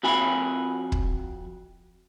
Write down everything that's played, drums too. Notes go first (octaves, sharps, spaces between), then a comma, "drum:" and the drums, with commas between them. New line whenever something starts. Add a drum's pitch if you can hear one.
F2 F#4 G#5 B5
drum: kick